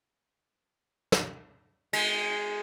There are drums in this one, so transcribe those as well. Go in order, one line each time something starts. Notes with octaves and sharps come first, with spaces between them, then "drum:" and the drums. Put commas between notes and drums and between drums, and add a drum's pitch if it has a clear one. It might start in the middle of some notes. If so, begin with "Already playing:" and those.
drum: snare
G#3, drum: cymbal